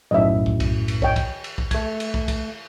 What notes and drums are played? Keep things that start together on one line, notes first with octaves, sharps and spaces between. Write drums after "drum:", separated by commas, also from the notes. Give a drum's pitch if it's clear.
B1 F#2 A2 D#5 E5
drum: kick
drum: kick, cymbal
drum: cymbal
C#5 D#5 G5, drum: kick
drum: kick, cymbal
drum: cymbal
drum: kick
A3 G#6, drum: kick, cymbal
drum: cymbal
drum: kick
drum: kick, cymbal